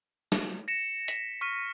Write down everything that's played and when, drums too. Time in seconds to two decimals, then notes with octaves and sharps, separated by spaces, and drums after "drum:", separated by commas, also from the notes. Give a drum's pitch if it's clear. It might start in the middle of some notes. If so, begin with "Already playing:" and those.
0.32 drum: snare
0.68 A#6 C#7 E7
1.08 B6 E7, drum: hi-hat
1.41 C#6 F6 B6 D#7